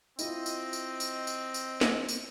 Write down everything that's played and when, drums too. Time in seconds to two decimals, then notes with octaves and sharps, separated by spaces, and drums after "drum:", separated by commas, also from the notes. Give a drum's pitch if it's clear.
0.19 C4 E4 F4 D#5, drum: tambourine
0.46 drum: tambourine
0.73 drum: tambourine
1.00 drum: tambourine
1.27 drum: tambourine
1.54 drum: tambourine
1.81 drum: snare
2.08 drum: tambourine